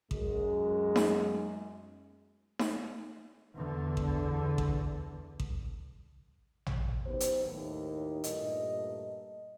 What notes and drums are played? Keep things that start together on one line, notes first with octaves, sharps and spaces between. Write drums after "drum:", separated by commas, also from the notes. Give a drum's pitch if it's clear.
F#2 G#3, drum: kick A1
drum: snare D#4
drum: snare D#4
E2 D3
drum: kick A1
drum: kick A1
drum: kick A1
drum: tom
F#2 B3 D#4 G4 C5
drum: hi-hat
D#2 A2 D#3
G2 A#2 A3 D#5, drum: hi-hat